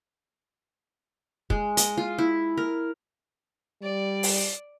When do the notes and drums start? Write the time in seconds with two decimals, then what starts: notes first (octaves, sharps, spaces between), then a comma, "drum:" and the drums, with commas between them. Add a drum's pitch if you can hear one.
1.50 G#3, drum: kick
1.77 D#5, drum: hi-hat
1.97 F4
2.18 E4
2.58 A#4
3.82 G3 D5
4.23 drum: open hi-hat